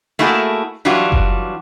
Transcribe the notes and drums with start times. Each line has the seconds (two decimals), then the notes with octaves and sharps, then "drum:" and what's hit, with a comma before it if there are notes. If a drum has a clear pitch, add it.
0.19 A3 A#3 E4 F#4 G#4 A4
0.85 E3 F#3 G3 D4 F4 F#4
1.12 drum: kick F#1